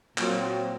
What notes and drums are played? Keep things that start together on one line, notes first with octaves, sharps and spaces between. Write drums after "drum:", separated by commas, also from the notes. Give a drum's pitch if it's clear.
A#2 F#3 C4, drum: clap